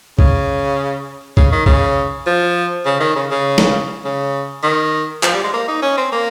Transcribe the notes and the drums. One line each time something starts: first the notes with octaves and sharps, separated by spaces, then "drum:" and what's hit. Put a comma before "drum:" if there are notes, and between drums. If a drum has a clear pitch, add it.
C#3, drum: kick C2
C#3, drum: kick C2
D#3
C#3, drum: kick C2
F3
C#3
D#3
C#3
C#3
drum: snare
C#3
D#3
F3, drum: clap
G3
G#3
A#3
D#4
C#4
C4
A#3